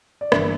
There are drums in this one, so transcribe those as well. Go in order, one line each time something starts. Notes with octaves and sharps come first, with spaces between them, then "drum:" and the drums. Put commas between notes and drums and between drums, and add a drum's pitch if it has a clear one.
D5
G1 E3 A#3 E5, drum: rim click